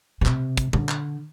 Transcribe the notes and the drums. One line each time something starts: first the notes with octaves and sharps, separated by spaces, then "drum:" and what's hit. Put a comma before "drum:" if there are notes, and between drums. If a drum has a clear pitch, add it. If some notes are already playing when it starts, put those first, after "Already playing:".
B2
C3, drum: clap
drum: kick, hi-hat
D3, drum: tom A#2
drum: clap